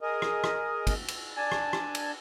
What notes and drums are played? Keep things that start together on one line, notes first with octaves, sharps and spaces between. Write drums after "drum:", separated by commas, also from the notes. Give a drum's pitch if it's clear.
G#4 A#4 D#5
drum: rim click
drum: rim click
drum: kick, cymbal
drum: cymbal
D4 G#5 A5
drum: rim click
drum: rim click
drum: cymbal